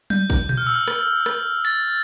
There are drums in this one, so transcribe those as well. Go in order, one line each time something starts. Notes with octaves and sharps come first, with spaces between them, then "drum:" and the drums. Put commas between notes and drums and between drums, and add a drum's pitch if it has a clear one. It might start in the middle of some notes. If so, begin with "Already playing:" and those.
G6, drum: tom F#3
drum: kick
G6, drum: tom A#2
F6
E6
F6
drum: rim click
drum: rim click
A6, drum: hi-hat